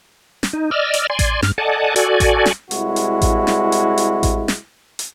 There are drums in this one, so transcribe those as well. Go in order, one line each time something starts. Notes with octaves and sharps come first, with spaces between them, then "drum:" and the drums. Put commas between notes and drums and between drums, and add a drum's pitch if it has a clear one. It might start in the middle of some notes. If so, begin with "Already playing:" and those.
drum: snare
D#4
D5 D#5 E6 F6
drum: hi-hat
D5 G#5 C6
drum: kick A1, hi-hat
G2 F6, drum: snare
A4 D5 D#5 F#5 G#5 A5
F#4 A4 D5 G#5, drum: hi-hat
drum: kick A1, hi-hat
drum: snare
C2 G#3 E4 F#4, drum: hi-hat
drum: hi-hat
drum: kick A1, hi-hat
drum: snare
drum: hi-hat
drum: hi-hat
drum: kick A1, hi-hat
drum: snare
drum: hi-hat